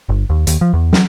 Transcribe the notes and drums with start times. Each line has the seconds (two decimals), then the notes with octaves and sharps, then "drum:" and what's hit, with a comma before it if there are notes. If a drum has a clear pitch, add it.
0.09 G1
0.30 D#2
0.47 D#2, drum: hi-hat
0.61 F3
0.73 E2
0.93 F#3, drum: snare